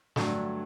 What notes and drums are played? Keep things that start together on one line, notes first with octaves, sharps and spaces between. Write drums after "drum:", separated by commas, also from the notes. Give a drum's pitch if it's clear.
G2 D3 F#3 A3, drum: snare